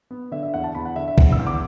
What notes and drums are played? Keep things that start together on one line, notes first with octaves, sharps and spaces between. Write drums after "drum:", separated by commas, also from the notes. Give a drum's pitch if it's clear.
B3
D3 E5
E5
E2 F#5
A5
E2 B5
F#5
D3 E5
E5
E2 F#5, drum: kick
E6
E2
D6